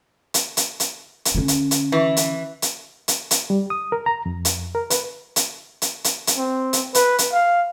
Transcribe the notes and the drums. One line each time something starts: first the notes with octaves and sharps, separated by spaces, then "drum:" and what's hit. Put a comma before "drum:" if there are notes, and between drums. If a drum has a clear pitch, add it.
drum: hi-hat
drum: hi-hat
drum: hi-hat
drum: hi-hat
D3 C#4
drum: hi-hat
drum: hi-hat
E3
drum: hi-hat
drum: hi-hat
drum: hi-hat
drum: hi-hat
G3
D#6
A#4
A#5
F2
drum: hi-hat
A#4
B4, drum: hi-hat
drum: hi-hat
drum: hi-hat
drum: hi-hat
drum: hi-hat
C4
drum: hi-hat
B4, drum: hi-hat
drum: hi-hat
F5